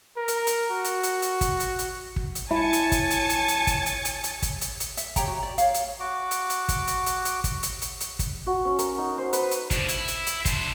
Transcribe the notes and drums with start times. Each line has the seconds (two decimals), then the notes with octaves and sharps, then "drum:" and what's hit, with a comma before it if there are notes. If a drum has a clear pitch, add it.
0.17 A#4
0.28 drum: hi-hat
0.47 drum: hi-hat
0.72 F#4
0.84 drum: hi-hat
1.03 drum: hi-hat
1.22 drum: hi-hat
1.41 drum: kick, hi-hat
1.60 drum: hi-hat
1.79 drum: hi-hat
2.16 drum: kick
2.35 drum: hi-hat
2.51 E4 C#5 G#5 A5 A6 C#7
2.73 drum: hi-hat
2.92 drum: kick, hi-hat
3.11 drum: hi-hat
3.29 drum: hi-hat
3.48 drum: hi-hat
3.67 drum: kick, hi-hat
3.86 drum: hi-hat
4.05 drum: hi-hat
4.24 drum: hi-hat
4.42 drum: kick, hi-hat
4.61 drum: hi-hat
4.80 drum: hi-hat
4.97 E5, drum: hi-hat
5.16 G4 C#5 G5 A#5, drum: kick, hi-hat
5.28 F#4
5.43 D5
5.58 C#5 F5, drum: hi-hat
5.74 drum: hi-hat
6.00 F#4 D6
6.31 drum: hi-hat
6.50 drum: hi-hat
6.69 drum: kick, hi-hat
6.87 drum: hi-hat
7.06 drum: hi-hat
7.25 drum: hi-hat
7.44 drum: kick, hi-hat
7.63 drum: hi-hat
7.82 drum: hi-hat
8.00 drum: hi-hat
8.19 drum: kick, hi-hat
8.47 F#4
8.65 C#4
8.79 A#4, drum: hi-hat
8.98 D#4
9.18 C5
9.33 B4, drum: hi-hat
9.51 drum: hi-hat
9.71 B2 D4, drum: kick, hi-hat
9.89 E4, drum: hi-hat
10.08 drum: hi-hat
10.27 drum: hi-hat
10.45 D4 C5, drum: kick, hi-hat